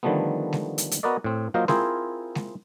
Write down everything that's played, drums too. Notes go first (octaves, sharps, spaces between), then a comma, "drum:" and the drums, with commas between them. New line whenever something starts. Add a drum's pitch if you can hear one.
D3 D#3 F3 G3 A3 B3
drum: snare G#3
drum: hi-hat
drum: hi-hat
B3 F#4 A#4 B4 D5 D#5
A2 C4
F#3 A#3 F4 C5 D#5 F5
C4 E4 F4 G#4 A#4 C5, drum: snare G#3
drum: snare G#3